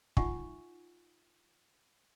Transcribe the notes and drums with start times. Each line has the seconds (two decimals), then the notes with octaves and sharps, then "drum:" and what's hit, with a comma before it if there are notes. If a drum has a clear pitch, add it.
0.17 D#4 F4 E5 F#5 G#5 C#6, drum: kick